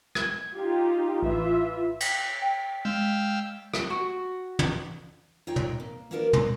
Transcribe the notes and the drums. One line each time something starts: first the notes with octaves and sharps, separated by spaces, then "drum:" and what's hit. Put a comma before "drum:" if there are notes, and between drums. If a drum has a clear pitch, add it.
G#6, drum: rim click
D#4 F4 G4
A1 E3 F4 E5
drum: cymbal
G5
G#3 F5 G5 E6
drum: rim click
F#4
drum: tom
D#4 F4 C#5 D5 G5
drum: tom
A#3
A#3 B3 D4 F#4 A#4 D5
G#2 B2 D3 C#4 D4, drum: tom